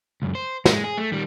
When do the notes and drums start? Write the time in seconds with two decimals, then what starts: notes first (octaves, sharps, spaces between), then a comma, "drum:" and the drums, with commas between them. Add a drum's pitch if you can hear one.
0.22 C#2 F#2
0.35 C5
0.65 G#3, drum: snare
0.84 G#4
0.98 A3
1.12 D#3 G3